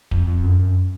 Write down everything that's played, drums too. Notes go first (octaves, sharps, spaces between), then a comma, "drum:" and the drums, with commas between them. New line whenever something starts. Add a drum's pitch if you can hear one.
F2, drum: kick D1
F2
F#2
F#2